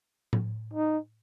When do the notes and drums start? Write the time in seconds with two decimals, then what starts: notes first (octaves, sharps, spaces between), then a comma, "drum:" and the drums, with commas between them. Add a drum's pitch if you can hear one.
0.33 drum: tom A2
0.74 D#4